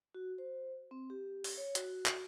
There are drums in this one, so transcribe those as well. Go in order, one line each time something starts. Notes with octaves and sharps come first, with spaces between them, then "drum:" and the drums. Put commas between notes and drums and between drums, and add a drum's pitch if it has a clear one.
F#4
C5
C4
G4
drum: open hi-hat
C#5
F#4, drum: hi-hat
drum: clap